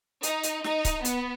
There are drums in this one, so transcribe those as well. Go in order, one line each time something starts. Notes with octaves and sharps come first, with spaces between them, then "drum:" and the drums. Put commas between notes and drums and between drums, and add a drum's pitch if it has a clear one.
D#4, drum: hi-hat
drum: hi-hat
D#4, drum: snare
drum: kick C#1, hi-hat
B3, drum: hi-hat